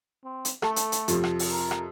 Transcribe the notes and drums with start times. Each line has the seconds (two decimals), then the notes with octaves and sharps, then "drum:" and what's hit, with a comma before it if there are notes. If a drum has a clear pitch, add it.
0.25 C4
0.45 drum: hi-hat
0.62 A3 A4, drum: rim click
0.76 drum: hi-hat
0.92 drum: hi-hat
1.08 F2 C3 F3, drum: hi-hat
1.24 drum: rim click
1.39 drum: open hi-hat
1.51 A#4
1.71 drum: rim click